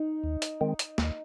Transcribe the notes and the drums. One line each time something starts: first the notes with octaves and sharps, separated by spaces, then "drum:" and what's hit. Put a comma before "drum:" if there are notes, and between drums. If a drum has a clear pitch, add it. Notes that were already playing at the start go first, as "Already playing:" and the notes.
Already playing: D#4
D#2
drum: hi-hat
D#3 G#3 C4
drum: hi-hat
D#2, drum: snare